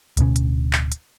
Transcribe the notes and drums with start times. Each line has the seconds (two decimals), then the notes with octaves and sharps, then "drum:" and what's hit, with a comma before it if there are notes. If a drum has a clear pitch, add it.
0.17 D1 D2 B2 C#4, drum: hi-hat
0.36 drum: hi-hat
0.73 drum: clap
0.92 drum: hi-hat